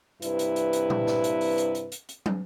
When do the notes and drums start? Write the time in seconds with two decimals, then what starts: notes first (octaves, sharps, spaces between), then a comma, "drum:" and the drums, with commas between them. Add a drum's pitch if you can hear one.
0.22 G2 C3 E4 B4, drum: hi-hat
0.39 drum: hi-hat
0.56 drum: hi-hat
0.73 drum: hi-hat
0.90 drum: tom A#2
1.07 drum: snare
1.24 drum: hi-hat
1.41 drum: open hi-hat
1.58 drum: hi-hat
1.75 drum: hi-hat
1.92 drum: hi-hat
2.09 drum: hi-hat
2.26 drum: tom